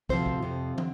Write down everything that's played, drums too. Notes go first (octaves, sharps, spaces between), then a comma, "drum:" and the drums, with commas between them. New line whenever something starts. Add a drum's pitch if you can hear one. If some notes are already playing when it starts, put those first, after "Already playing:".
D2 C3 F3 C4 C5, drum: kick
drum: kick
F2 C3 F3
D3, drum: tom